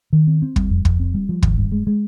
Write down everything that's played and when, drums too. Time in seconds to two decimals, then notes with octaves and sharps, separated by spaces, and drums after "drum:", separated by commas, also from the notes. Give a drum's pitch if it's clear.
0.13 D#3
0.27 C4
0.42 C4
0.56 G3, drum: kick
0.70 F2
0.85 F2, drum: kick
1.00 C4
1.14 G3
1.29 F3
1.43 G#1, drum: kick
1.58 G2
1.72 G#3
1.87 G#3